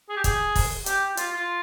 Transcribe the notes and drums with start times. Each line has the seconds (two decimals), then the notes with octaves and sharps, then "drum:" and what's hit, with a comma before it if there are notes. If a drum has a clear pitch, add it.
0.09 G#4
0.17 G4
0.24 G#4, drum: kick, hi-hat
0.56 drum: kick, open hi-hat
0.86 G4, drum: hi-hat
1.17 F4, drum: hi-hat
1.33 F4